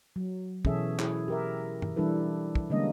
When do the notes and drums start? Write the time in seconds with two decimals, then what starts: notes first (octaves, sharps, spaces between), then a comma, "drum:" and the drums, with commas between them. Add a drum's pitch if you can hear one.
0.16 F#3
0.65 B2 E3 C#4 G#4 A4 E5, drum: kick
0.99 E4 G#4, drum: clap
1.28 G4 A#4 E5
1.82 drum: tom
1.96 E3 G3 D4 E4 A4 B4
2.55 drum: kick
2.70 D3 G3 G#3 A#3 C#4 D#5